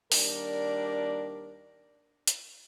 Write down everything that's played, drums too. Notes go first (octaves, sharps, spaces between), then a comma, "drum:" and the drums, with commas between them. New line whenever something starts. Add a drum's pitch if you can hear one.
D#2 G3 D4 A#4 D5, drum: open hi-hat
drum: hi-hat